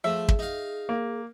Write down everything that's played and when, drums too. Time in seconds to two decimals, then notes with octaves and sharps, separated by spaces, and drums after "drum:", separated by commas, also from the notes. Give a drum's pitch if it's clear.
0.04 F3 A3 G#4 E5
0.28 drum: kick
0.39 D#4 F5
0.89 A#3